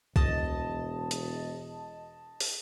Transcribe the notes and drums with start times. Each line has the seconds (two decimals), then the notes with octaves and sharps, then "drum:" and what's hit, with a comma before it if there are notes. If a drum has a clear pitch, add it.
0.16 E1 D#5 A5, drum: kick B1
1.11 drum: hi-hat
2.40 drum: open hi-hat